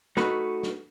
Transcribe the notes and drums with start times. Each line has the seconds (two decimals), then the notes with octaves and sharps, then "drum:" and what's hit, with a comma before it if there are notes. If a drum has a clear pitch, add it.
0.17 A3 D#4 F#4 B4, drum: snare
0.63 drum: snare